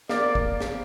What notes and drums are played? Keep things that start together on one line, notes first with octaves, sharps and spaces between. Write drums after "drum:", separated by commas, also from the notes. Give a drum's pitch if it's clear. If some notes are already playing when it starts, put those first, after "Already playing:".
A#3 D5, drum: snare
drum: kick
drum: snare